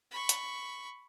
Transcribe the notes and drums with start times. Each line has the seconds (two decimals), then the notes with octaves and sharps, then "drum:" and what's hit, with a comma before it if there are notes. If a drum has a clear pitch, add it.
0.11 B5 C#6
0.29 drum: hi-hat